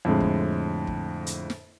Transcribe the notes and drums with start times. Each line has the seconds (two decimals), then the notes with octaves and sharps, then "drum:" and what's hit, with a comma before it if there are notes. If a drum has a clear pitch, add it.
0.05 F2 A2 D3 G#3
0.20 drum: kick
0.87 drum: kick
1.26 drum: hi-hat
1.50 drum: snare